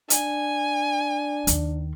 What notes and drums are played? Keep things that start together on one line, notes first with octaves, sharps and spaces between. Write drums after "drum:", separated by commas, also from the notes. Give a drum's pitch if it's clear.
D4 G#5, drum: hi-hat
D#2 D#3, drum: hi-hat